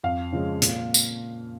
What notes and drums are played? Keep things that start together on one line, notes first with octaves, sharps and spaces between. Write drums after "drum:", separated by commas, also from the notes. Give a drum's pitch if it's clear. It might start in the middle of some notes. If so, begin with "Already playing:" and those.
F2 F5
C#3 F3 G#3 C#4
A#2, drum: hi-hat
drum: tambourine